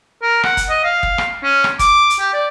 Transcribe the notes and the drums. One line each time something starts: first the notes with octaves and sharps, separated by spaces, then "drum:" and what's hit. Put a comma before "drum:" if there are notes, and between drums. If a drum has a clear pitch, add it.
A#4
F#5, drum: rim click
drum: kick, hi-hat
D#5
F5
drum: kick
drum: rim click
C#4
drum: rim click
D6, drum: kick, hi-hat
drum: hi-hat
G4
D5